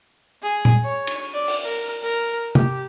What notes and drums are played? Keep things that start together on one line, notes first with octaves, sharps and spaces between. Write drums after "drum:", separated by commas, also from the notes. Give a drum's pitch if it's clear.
G#4
drum: tom A#2
C#5
drum: cymbal
D5
drum: open hi-hat
A#4
A#4
G4, drum: tom